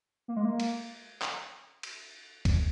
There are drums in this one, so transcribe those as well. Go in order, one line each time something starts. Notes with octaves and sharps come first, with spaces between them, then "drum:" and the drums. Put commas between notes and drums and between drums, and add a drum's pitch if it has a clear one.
A#3
G#3
A#3
drum: cymbal
drum: clap
drum: cymbal
drum: kick, cymbal